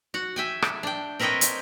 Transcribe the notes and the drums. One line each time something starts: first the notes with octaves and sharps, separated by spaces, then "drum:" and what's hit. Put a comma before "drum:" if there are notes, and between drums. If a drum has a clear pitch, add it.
F#4 F#5
E5 G5 G#5
drum: rim click
D4 G5
C4 A#4 B4 C#5 D#5 G5
drum: hi-hat